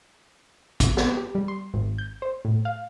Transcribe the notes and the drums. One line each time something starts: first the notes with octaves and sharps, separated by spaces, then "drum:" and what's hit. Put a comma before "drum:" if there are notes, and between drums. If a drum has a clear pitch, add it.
drum: kick, hi-hat
drum: snare
G4
G3
C6
G#1
G6
C5
A2
F5